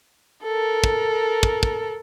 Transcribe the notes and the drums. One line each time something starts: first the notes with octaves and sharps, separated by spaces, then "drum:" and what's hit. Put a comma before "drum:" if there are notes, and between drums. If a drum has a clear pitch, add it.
A4 A#4
drum: kick
drum: kick
drum: kick